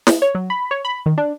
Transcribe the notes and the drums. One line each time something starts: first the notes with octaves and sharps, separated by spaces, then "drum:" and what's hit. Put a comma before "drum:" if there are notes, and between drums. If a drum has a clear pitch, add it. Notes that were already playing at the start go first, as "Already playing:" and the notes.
drum: snare
C#5
F#3
B5
C#5
B5
D#3
D4